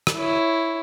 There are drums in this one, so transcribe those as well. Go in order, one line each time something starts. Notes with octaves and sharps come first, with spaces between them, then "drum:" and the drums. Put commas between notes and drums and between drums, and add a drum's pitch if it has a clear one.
drum: rim click
E4 C#5